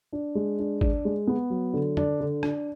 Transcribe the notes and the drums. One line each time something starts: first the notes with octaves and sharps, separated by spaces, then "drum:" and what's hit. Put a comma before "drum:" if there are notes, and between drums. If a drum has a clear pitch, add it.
D4
G#3
D4
D4, drum: kick
G#3
B3
F#3
D3
D4, drum: tom
D3
D4, drum: rim click